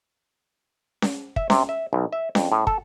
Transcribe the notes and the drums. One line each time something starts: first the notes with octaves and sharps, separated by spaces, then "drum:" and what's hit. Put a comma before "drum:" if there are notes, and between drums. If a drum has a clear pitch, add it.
drum: snare C#4
E5, drum: kick
C3, drum: snare C#4
E5
B1
E5
F2, drum: snare C#4
A2
A4, drum: kick